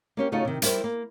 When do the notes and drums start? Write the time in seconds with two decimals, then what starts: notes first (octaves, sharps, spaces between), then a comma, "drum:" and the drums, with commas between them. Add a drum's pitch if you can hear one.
0.17 A#3 C#4 G4
0.32 C#3 A3 C#4 D#4 F4 F#4
0.45 C3 D#3
0.62 G3 E4 A#4 C5 G5, drum: hi-hat
0.84 A#3